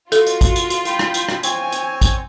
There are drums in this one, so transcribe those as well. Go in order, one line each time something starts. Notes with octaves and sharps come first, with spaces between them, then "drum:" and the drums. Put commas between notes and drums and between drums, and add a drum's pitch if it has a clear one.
F4 F#4 A4, drum: hi-hat
drum: hi-hat
drum: kick A1, hi-hat
drum: hi-hat
drum: hi-hat
G5 B5, drum: hi-hat
drum: rim click
drum: hi-hat
drum: rim click
C4 C#5 G#5, drum: hi-hat
drum: hi-hat
drum: kick A1, hi-hat